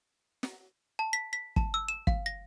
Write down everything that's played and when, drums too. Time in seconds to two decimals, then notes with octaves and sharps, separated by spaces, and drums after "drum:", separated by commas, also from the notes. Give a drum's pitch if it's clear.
0.43 drum: snare
0.99 A5
1.13 B6
1.33 B6
1.56 A5, drum: kick
1.74 E6
1.89 E7
2.07 F5, drum: kick
2.26 A#6